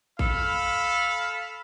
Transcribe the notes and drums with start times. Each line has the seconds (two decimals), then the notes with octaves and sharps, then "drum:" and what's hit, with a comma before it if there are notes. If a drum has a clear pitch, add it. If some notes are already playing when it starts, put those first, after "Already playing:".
0.19 A4 F5 B5, drum: kick A1